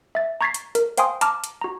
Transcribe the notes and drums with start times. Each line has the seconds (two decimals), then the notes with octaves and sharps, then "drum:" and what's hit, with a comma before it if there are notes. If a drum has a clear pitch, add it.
0.15 E5 A6
0.41 A#5 C#6 G#6 A6 B6 C7
0.54 drum: hi-hat
0.75 A#4, drum: hi-hat
0.97 C5 F5 G5 G#5 C6 D#6, drum: hi-hat
1.21 A5 A#5 D6 F6, drum: hi-hat
1.44 drum: hi-hat
1.61 F#4 A#5